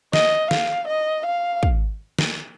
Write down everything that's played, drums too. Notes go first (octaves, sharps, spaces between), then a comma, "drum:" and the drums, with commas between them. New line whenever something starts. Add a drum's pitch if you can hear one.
D#5, drum: snare
F5, drum: snare
D#5
F5
drum: kick
drum: snare